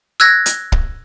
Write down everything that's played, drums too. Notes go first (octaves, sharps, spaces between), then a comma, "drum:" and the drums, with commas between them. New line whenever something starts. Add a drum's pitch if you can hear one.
E6 F#6 G#6 A#6
drum: hi-hat
drum: kick